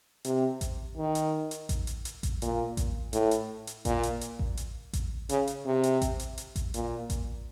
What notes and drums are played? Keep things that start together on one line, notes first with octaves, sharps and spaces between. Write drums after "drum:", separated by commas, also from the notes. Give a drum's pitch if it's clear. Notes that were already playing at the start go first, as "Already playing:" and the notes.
C3, drum: hi-hat
drum: kick A1, hi-hat
D#3
drum: hi-hat
drum: hi-hat
drum: kick A1, hi-hat
drum: hi-hat
drum: hi-hat
drum: kick A1, hi-hat
A#2, drum: hi-hat
drum: kick A1, hi-hat
A2, drum: hi-hat
drum: hi-hat
drum: hi-hat
A#2, drum: kick A1, hi-hat
drum: hi-hat
drum: hi-hat
drum: kick A1
drum: hi-hat
drum: kick A1, hi-hat
C#3, drum: hi-hat
drum: hi-hat
C3
drum: hi-hat
drum: kick A1, hi-hat
drum: hi-hat
drum: hi-hat
drum: kick A1, hi-hat
A#2, drum: hi-hat
drum: kick A1, hi-hat